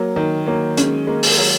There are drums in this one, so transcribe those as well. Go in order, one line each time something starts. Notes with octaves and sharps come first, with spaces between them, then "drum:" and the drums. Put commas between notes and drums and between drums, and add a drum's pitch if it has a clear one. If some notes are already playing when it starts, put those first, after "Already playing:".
Already playing: F#3 A#3
D#3 A#4
F#3 A#3
G#3 C#4, drum: hi-hat
G#3 A#3
drum: open hi-hat
F#3 A#4